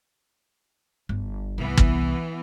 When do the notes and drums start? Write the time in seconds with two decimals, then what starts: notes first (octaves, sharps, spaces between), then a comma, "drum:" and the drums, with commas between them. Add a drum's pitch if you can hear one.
1.09 G1
1.58 C2 E3 B3
1.77 drum: kick